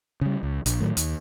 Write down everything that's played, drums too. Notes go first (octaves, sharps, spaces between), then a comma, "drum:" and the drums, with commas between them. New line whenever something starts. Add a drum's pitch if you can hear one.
C#3 G3
C#2
A#1, drum: hi-hat
A2 D#3 F#3
D#2, drum: hi-hat